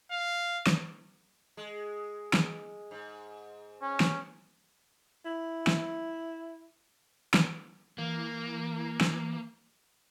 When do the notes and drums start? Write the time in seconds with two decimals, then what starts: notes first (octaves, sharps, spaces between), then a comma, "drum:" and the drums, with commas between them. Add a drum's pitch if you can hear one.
0.12 F5
0.67 drum: snare
1.57 G#3
2.33 drum: snare
2.91 G#2
3.82 C#4
4.00 drum: snare
5.25 E4
5.67 drum: snare
7.34 drum: snare
7.98 E3 A#3
9.01 drum: snare